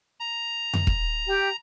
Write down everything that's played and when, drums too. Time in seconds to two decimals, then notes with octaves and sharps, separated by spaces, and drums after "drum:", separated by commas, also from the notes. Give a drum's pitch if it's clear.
0.20 A#5
0.74 drum: tom F2
0.87 drum: kick E1
1.27 G4